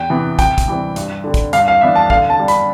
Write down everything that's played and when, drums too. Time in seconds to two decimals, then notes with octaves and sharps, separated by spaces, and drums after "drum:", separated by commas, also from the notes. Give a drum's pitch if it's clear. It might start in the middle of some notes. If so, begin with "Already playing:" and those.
Already playing: E2 G5
0.10 C3 E3 B3
0.39 C3 G5, drum: kick, hi-hat
0.58 drum: kick, hi-hat
0.68 E3 G3 C4
0.96 G2, drum: hi-hat
1.24 D3 G3
1.34 drum: kick, hi-hat
1.53 G2 F5, drum: hi-hat
1.68 F5
1.81 E3 B3 D4 E5
1.96 A5
2.10 D3 F5, drum: kick
2.30 A5
2.40 G3 D4
2.48 B5, drum: hi-hat